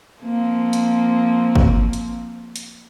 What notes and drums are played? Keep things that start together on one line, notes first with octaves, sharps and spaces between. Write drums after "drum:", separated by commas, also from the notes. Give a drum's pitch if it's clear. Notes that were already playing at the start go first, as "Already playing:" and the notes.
F3 A#3 C4
drum: hi-hat
drum: kick
drum: hi-hat
drum: hi-hat